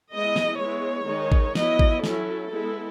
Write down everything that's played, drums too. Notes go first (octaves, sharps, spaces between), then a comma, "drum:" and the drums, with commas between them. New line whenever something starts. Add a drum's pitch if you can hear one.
G#3 B3 E4 D#5
drum: snare
G#3 B3 E4 C#5
D#3 G#3 D#4
drum: kick A1
F#3 B3 E4 D#5, drum: snare
drum: kick A1
F#3 C#4 E4 A4, drum: snare
G#3 B3 E4